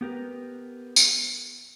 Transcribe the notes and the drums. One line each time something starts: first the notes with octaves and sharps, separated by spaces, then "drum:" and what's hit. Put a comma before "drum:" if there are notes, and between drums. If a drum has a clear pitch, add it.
B3 G4 A#4 B4
drum: tambourine